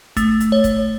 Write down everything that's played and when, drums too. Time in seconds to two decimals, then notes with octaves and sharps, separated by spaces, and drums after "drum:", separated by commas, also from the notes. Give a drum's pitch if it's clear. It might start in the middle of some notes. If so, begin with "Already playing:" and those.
0.17 A3, drum: kick, hi-hat
0.40 drum: hi-hat
0.52 C#5
0.64 drum: kick, hi-hat